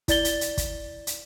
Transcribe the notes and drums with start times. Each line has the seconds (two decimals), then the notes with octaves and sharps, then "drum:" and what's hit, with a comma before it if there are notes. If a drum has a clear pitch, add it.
0.08 E4 D5 A6 G7, drum: kick, hi-hat
0.25 drum: hi-hat
0.41 drum: hi-hat
0.57 drum: kick, hi-hat
1.07 drum: hi-hat